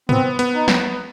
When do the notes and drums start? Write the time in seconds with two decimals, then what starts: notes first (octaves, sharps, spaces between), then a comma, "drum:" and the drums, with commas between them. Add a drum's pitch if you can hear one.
0.09 B3 C4, drum: tom
0.39 B3, drum: hi-hat
0.54 D#4
0.68 B3, drum: snare